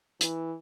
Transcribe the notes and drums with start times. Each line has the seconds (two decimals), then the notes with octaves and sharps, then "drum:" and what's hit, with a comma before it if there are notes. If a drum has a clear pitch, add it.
0.21 E3, drum: hi-hat